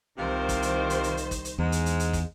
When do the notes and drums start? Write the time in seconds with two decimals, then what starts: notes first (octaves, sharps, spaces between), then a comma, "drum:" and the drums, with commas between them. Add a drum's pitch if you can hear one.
0.18 C2 C3 D#3 F4 A#4 C5
0.49 drum: kick, hi-hat
0.62 drum: hi-hat
0.90 drum: hi-hat
1.04 drum: hi-hat
1.17 drum: hi-hat
1.31 drum: kick, hi-hat
1.45 drum: hi-hat
1.59 E2 G#2 G#3
1.72 drum: hi-hat
1.86 drum: hi-hat
2.00 drum: hi-hat
2.13 drum: kick, hi-hat